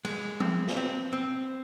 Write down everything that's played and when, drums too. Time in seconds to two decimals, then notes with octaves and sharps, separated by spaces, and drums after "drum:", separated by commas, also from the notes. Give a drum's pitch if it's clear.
0.05 G#3, drum: cymbal
0.40 C4, drum: tom F3
0.67 drum: snare
0.77 C4
1.13 C4